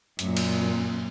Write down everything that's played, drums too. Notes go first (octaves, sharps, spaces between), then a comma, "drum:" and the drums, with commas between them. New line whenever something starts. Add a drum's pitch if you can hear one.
F#2 A#2, drum: hi-hat
drum: cymbal